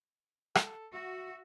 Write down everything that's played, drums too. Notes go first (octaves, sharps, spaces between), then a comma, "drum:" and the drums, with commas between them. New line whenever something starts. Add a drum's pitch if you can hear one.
A4, drum: rim click
F#4 E5